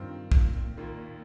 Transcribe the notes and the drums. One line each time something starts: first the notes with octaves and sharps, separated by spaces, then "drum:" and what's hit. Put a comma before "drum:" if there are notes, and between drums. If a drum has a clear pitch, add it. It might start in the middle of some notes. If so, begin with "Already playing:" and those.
Already playing: G2 D#3 C4 F4
A#2, drum: kick
D#2 A#2 D#3 A#3 F4